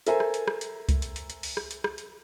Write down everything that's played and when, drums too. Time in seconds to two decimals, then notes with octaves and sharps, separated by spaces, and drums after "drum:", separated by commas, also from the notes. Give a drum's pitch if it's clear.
0.07 A4 A#4 C5 E5 G#5 A#5, drum: hi-hat
0.20 drum: rim click
0.34 drum: hi-hat
0.48 drum: rim click
0.61 drum: hi-hat
0.89 drum: kick C2, hi-hat
1.02 drum: hi-hat
1.16 drum: hi-hat
1.30 drum: hi-hat
1.43 drum: open hi-hat
1.57 drum: rim click
1.71 drum: hi-hat
1.84 drum: rim click
1.98 drum: hi-hat